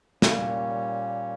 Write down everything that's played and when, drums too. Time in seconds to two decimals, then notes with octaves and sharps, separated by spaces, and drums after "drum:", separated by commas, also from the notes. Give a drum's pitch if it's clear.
0.22 A#2 G3 A#3 C#4 C#5, drum: snare